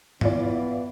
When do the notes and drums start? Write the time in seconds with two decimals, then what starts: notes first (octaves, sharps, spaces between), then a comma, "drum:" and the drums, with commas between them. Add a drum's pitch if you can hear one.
0.21 E3 B3 E4 F4 D5, drum: tom G2